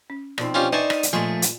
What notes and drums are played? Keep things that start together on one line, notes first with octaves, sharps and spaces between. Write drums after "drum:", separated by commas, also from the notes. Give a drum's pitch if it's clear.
C#4
B2 F3 C4 D#4 D5, drum: rim click
C#4 D4 F4 G4 D5 D#5
D#4 B4 C5 D5 E5 G#5 A5 C#6
drum: rim click
drum: hi-hat
A#2 F3 A3 G#4 D#5 C6 C#6
drum: hi-hat